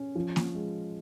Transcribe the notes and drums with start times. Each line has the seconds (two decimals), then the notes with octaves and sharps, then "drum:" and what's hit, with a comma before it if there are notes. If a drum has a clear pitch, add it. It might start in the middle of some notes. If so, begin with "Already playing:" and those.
Already playing: C#4
0.16 F3
0.36 drum: snare A#3
0.55 G#3